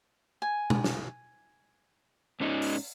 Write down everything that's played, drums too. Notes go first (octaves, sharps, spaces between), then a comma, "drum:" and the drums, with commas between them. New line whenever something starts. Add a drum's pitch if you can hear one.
G#5
drum: tom B2
drum: snare
G#2 C#4 D#4
drum: open hi-hat